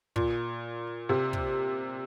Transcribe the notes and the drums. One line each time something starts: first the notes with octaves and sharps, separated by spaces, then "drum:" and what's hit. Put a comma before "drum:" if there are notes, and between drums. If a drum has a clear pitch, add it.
A#2, drum: kick
C3
drum: kick